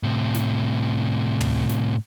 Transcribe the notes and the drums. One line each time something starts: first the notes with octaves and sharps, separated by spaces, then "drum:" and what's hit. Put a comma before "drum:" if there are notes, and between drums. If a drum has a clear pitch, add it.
A2 C3
drum: snare
drum: tom
drum: snare